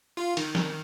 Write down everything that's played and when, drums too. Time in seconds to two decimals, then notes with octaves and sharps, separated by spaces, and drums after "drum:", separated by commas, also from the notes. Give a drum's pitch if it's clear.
0.17 F4
0.37 D#3, drum: cymbal
0.55 drum: snare